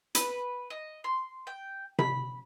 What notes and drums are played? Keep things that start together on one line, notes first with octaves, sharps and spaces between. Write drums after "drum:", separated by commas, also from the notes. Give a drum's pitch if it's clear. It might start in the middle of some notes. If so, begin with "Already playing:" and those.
B4, drum: hi-hat
D#5
C6
G5
B5, drum: tom C3